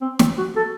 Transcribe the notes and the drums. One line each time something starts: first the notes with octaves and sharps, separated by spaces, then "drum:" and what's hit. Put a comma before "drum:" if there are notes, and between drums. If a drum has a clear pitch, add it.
C4
C4, drum: snare
F#4
A4